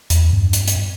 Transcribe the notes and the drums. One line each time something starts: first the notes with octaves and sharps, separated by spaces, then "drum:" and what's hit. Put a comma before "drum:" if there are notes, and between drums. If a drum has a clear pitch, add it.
E2, drum: hi-hat
G2
drum: hi-hat
drum: hi-hat